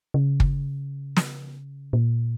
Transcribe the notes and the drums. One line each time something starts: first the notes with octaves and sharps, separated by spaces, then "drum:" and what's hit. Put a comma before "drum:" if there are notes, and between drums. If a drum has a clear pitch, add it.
C#3
drum: kick
drum: snare
A#2